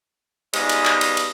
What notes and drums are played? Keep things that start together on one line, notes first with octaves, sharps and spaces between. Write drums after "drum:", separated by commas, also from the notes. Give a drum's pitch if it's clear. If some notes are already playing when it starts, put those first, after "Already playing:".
G#2 B2 G3 G#3 F4 D#5, drum: cymbal
drum: cymbal
drum: clap
drum: cymbal
drum: cymbal